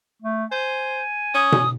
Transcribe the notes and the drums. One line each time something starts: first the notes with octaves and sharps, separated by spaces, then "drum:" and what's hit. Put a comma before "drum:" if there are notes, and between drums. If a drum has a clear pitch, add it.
A3
C5 G#5
C#4 D#6
drum: tom B2